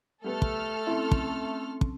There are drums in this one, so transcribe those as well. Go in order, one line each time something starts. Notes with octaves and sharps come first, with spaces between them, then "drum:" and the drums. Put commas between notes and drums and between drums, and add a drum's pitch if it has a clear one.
G3 A3 B3 A4 F6
drum: kick
C4 C#4 E4
drum: kick
drum: kick